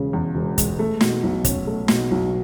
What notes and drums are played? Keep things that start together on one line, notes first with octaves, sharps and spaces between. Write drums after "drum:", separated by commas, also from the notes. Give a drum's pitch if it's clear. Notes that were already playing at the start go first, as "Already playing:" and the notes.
Already playing: E1 C#3 G#3
E2
E1
G#3, drum: kick, hi-hat
A3
B2, drum: snare
B1
C#4, drum: kick, hi-hat
A3
B2, drum: snare
B1